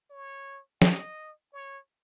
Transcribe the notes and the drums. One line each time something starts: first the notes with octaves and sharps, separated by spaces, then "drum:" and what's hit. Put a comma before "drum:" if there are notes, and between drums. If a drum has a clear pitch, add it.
C#5
D#5, drum: snare
C#5